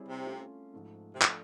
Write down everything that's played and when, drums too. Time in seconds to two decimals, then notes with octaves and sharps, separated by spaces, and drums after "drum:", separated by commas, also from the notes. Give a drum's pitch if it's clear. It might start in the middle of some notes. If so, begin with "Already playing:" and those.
Already playing: G3 C4 E4 G#4 C#5
0.09 C3
0.25 A3 C#4 F4
0.74 G#2 F3 A3
1.14 C3
1.22 B2 F3 A3 D4 F4, drum: clap